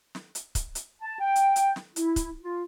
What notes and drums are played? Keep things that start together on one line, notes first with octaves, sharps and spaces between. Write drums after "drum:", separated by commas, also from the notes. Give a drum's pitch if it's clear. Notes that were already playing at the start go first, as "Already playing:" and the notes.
drum: snare
drum: hi-hat
drum: kick, hi-hat
drum: hi-hat
A5
G5
drum: hi-hat
drum: hi-hat
drum: snare
E4, drum: hi-hat
drum: kick, hi-hat
F4